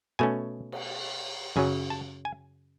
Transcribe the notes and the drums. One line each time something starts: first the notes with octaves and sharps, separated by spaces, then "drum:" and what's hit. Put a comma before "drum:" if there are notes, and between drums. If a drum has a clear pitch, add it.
B2 A3 C#4 G#5
drum: cymbal
F#2 C#3 F#3 G#5
A5
G#5